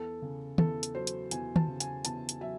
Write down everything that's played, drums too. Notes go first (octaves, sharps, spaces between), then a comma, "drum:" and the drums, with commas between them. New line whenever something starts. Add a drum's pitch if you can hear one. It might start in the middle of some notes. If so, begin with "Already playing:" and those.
Already playing: E2 A4
C#3
E2 A4, drum: tom
drum: hi-hat
F#3 C5
drum: hi-hat
E2 G#5, drum: hi-hat
A5, drum: tom
C#3
G#5, drum: hi-hat
E2 A5, drum: hi-hat
drum: hi-hat
F#3 E5